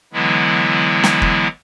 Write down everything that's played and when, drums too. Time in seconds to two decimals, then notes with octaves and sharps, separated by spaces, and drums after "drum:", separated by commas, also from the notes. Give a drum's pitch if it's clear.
0.13 D3 E3 F#3 G#3 B3 E4
1.04 drum: snare
1.22 drum: kick